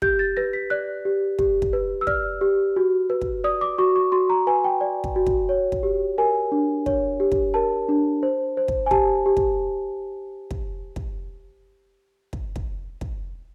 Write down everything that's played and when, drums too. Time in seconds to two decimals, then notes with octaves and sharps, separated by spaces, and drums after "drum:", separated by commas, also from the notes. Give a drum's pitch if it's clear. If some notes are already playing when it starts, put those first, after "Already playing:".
0.02 G4 G6, drum: kick
0.19 A6
0.37 B4 A#6
0.53 B6
0.70 D5 F#6
1.05 G4
1.39 G4, drum: kick
1.62 drum: kick
1.73 B4
2.01 E6
2.07 D5 F6, drum: kick
2.41 G4
2.76 F#4
3.10 B4
3.21 drum: kick
3.44 D5 D#6
3.61 D6
3.78 F#4 C#6
3.96 C#6
4.12 F#4 C6
4.30 A#5
4.47 B4 G#5
4.64 G5
4.81 D5
5.04 drum: kick
5.16 F#4
5.27 drum: kick
5.49 C#5
5.72 drum: kick
5.83 G4
6.18 A#4 G#5
6.52 D4
6.86 C#5, drum: kick
7.20 G4
7.32 drum: kick
7.54 A#4 A5
7.89 D4
8.23 C5
8.57 C5
8.68 drum: kick
8.86 G#5
8.91 G4 A5, drum: kick
9.26 G4
9.37 drum: kick
10.51 drum: kick
10.96 drum: kick
12.33 drum: kick
12.56 drum: kick
13.01 drum: kick